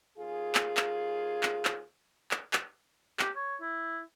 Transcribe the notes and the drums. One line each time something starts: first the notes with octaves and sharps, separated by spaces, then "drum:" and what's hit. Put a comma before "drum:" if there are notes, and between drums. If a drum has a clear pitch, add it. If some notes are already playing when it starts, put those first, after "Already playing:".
D#2 F4 G#4
drum: clap
drum: clap
drum: clap
drum: clap
drum: clap
drum: clap
G4, drum: clap
C#5
E4